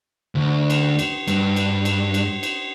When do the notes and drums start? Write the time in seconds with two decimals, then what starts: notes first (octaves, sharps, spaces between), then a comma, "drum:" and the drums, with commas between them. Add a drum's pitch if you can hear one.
0.35 D2
0.70 drum: cymbal
0.99 drum: cymbal
1.28 G2, drum: cymbal
1.56 drum: cymbal
1.85 drum: cymbal
2.14 drum: cymbal
2.43 drum: cymbal